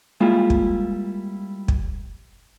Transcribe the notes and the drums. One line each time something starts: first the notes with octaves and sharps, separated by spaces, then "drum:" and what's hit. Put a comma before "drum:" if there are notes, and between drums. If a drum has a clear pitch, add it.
G3 G#3 A#3 E4 F4
drum: kick
drum: kick